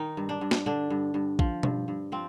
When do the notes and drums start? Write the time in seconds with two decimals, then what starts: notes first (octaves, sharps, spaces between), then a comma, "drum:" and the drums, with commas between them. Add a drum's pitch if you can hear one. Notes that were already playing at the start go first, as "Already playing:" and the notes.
Already playing: D#3 D#4
0.17 G2
0.29 D4
0.41 G2
0.51 drum: snare
0.66 D3 D4
0.90 G2
1.14 G2
1.39 F3, drum: kick
1.63 G2, drum: tom B2
1.88 G2
2.12 F3 C4